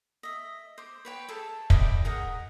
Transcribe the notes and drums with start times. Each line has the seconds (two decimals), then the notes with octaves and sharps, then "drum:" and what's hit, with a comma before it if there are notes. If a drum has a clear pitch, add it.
0.23 D#5 E5
0.78 C5 D6
1.05 B4 C#5 G5
1.29 G#4 A4 A5
1.70 E4 D5 D#5 G5, drum: kick
2.05 G#4 A#4 D#5 F#5